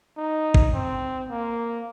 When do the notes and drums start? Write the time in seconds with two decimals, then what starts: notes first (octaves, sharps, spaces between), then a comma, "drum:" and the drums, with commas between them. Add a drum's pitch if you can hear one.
0.17 D#4
0.54 drum: kick
0.73 C4
1.30 A#3